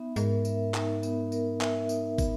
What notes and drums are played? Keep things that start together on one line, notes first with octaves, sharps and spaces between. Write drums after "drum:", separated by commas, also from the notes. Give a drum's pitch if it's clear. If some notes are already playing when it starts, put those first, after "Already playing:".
Already playing: B3 D#4 E5
G#2 A#4, drum: tambourine
E5, drum: tambourine
D#4, drum: clap
B3, drum: tambourine
A#4, drum: tambourine
E5, drum: clap
D#4, drum: tambourine
B3, drum: kick, tambourine